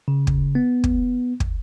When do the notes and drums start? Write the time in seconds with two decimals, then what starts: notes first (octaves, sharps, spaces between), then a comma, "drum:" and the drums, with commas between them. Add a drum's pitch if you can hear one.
0.08 C#3
0.27 drum: kick
0.55 B3
0.84 drum: kick
1.40 drum: kick